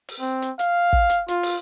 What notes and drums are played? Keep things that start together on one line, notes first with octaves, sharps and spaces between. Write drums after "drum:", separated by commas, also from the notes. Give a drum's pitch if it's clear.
drum: open hi-hat
C4
drum: hi-hat
F5, drum: hi-hat
drum: kick
drum: hi-hat
F4, drum: hi-hat
drum: open hi-hat